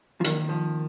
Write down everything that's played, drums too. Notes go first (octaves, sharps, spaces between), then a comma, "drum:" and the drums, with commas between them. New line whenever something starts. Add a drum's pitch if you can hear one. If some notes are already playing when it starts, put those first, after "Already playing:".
F3
D#3 A#3, drum: hi-hat
F3